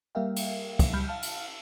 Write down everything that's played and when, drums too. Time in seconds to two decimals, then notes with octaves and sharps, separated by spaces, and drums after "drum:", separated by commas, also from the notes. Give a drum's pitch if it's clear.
0.15 G3 A#3 A#4 E5 F5 G5
0.36 drum: cymbal
0.79 drum: kick, cymbal
0.93 C#2 G3 B5 F6 G6
1.08 F5 A5 F6
1.22 drum: cymbal